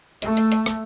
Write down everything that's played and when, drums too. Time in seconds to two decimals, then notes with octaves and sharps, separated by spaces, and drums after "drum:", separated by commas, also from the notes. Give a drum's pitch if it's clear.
0.22 A3, drum: hi-hat
0.37 drum: hi-hat
0.52 drum: hi-hat
0.66 drum: rim click